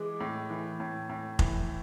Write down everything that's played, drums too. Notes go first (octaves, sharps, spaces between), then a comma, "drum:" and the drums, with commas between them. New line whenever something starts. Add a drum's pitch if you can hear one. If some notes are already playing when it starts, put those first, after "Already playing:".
Already playing: E3 G#3 D6
A2
E3
A2
A2
E3, drum: kick F1